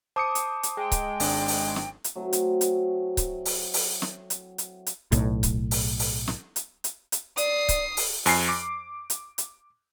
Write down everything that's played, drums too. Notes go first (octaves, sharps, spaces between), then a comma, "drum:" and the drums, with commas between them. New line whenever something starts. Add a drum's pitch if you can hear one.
C5 A5 D6 D#6 C#7
drum: hi-hat
drum: hi-hat
G#3 G5
drum: kick C#1, hi-hat
G#1 D4, drum: open hi-hat
drum: open hi-hat
drum: snare
drum: hi-hat
F#3 A3 C4 E4
drum: hi-hat
drum: hi-hat
drum: kick C#1, hi-hat
drum: open hi-hat
drum: open hi-hat
drum: snare
drum: hi-hat
drum: hi-hat
drum: hi-hat
B1 A2, drum: hi-hat
drum: kick C#1, hi-hat
drum: open hi-hat
drum: open hi-hat
drum: snare
drum: hi-hat
drum: hi-hat
drum: hi-hat
D5 D#6 C7, drum: hi-hat
drum: kick C#1, hi-hat
drum: open hi-hat
F2 G#5 C7, drum: open hi-hat
D6
drum: hi-hat
drum: hi-hat